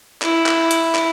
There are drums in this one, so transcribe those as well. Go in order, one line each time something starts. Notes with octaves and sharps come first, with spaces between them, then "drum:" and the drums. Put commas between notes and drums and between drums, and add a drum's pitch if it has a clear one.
E4, drum: clap
drum: clap
drum: hi-hat
drum: clap